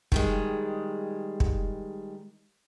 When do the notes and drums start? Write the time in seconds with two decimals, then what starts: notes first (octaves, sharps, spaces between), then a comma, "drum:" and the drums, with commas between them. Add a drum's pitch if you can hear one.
0.12 D#3 G3 G#3, drum: kick
1.40 drum: kick